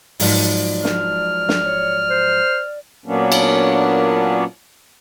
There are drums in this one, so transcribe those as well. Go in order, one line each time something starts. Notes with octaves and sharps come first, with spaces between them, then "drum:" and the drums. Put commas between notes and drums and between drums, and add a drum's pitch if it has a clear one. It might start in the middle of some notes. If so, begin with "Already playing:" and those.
G#2 F3 F#3 D5, drum: open hi-hat
F6, drum: snare
drum: snare
C#5
C5
A#2 F#3 A#3 B3 C#4 D4
drum: cymbal